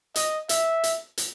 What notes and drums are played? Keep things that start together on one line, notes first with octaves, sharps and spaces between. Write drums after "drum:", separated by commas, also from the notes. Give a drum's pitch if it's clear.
D#5, drum: hi-hat
E5, drum: hi-hat
drum: hi-hat
drum: hi-hat